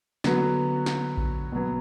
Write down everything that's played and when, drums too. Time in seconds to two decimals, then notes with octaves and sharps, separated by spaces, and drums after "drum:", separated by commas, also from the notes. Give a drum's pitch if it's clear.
0.24 D3 F#3 B3 F#4, drum: snare
0.86 drum: snare
1.17 drum: kick A1
1.52 B2 F#3 B3